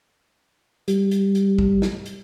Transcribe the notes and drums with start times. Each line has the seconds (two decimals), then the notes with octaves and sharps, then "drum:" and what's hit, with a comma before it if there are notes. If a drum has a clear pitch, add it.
0.88 G3, drum: hi-hat
1.11 drum: hi-hat
1.35 drum: hi-hat
1.58 drum: kick A1
1.82 drum: snare
2.06 drum: hi-hat